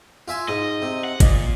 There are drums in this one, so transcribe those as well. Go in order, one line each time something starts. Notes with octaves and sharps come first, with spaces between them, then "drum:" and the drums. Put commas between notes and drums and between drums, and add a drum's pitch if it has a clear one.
F4 E5 G#5
G#2 D#5
C3
F#5
A#2 D#5, drum: kick G#1, hi-hat